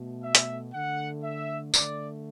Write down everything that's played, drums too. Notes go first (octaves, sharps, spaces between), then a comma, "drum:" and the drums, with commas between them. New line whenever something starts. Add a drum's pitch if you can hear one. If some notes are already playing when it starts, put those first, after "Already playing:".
Already playing: B2 A3
E5
drum: hi-hat
D3 A3 F#5
E5
D3 A3 D5, drum: tambourine